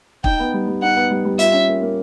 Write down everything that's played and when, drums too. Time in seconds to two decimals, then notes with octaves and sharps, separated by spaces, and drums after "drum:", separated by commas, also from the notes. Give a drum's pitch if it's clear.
0.24 D#4 G5, drum: kick
0.39 B3
0.54 G3
0.68 G3
0.82 D#4 F#5
0.96 B3
1.11 G3
1.25 G3
1.39 F4 E5, drum: hi-hat
1.53 C#4
1.68 A#3
1.82 A#3